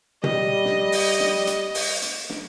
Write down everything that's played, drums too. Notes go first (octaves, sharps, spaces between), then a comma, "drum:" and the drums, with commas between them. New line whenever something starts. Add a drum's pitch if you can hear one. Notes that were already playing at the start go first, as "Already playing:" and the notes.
G3 D#5, drum: tom
drum: snare
drum: open hi-hat
drum: snare
drum: hi-hat
drum: open hi-hat
drum: hi-hat
drum: snare